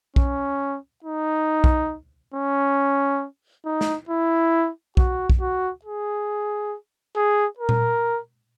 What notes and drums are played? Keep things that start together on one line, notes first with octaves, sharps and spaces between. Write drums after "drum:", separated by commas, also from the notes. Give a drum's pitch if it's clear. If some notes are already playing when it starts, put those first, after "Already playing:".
C#4, drum: kick
D#4
drum: kick
C#4
D#4
drum: snare
E4
F#4, drum: kick
drum: kick
F#4
G#4
G#4
A#4
drum: tom A#2